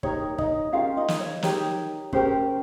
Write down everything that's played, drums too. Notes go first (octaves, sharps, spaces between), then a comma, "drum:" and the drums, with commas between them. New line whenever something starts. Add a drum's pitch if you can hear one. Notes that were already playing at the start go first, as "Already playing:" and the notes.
D#4 G4 A#4 C#5, drum: kick
D#4 D#5, drum: kick
C#4 F4 G4 A#4 F5
D#4 D#5
drum: snare
C#5
D#4 G4 A#4 C#5, drum: snare
C#4 G4 A#4 C5, drum: kick